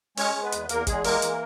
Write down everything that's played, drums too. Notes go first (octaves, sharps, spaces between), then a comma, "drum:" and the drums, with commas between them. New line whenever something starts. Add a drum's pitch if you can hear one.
G#3 C#4 C#5, drum: open hi-hat
G#3
B3 B4
E2, drum: hi-hat
E2 A#3 A#4, drum: hi-hat
E2 G#3 G#4, drum: kick, hi-hat
G#3 A#3 A#4, drum: open hi-hat
E3, drum: hi-hat